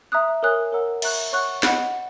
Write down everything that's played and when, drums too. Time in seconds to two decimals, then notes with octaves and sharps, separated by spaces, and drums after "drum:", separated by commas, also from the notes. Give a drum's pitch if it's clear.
0.12 E5 A#5 D#6 F#6
0.43 A#4 C#5 G#5 D#6 F#6
0.72 A#4 C#5 F#5 A#5 E6
1.02 E5 A#5 C#6 F#6, drum: cymbal
1.32 C#5 F#5 C#6 F#6
1.63 D#5 F#5 B5 F#6, drum: snare
1.93 F#5